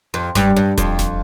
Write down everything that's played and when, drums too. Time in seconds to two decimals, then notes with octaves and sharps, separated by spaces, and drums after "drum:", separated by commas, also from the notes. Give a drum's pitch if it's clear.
0.14 F2
0.35 G2, drum: snare F1
0.57 G2
0.78 F2, drum: kick D#1, hi-hat
0.99 drum: snare F1